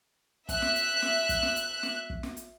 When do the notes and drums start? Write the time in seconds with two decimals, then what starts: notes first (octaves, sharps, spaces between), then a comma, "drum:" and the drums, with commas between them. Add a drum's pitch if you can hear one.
0.49 E5 F#6, drum: kick, hi-hat
0.62 drum: snare
0.76 drum: hi-hat
1.02 drum: snare
1.29 drum: kick, hi-hat
1.43 drum: snare
1.56 drum: hi-hat
1.83 drum: snare
2.10 drum: kick
2.23 drum: snare
2.37 drum: hi-hat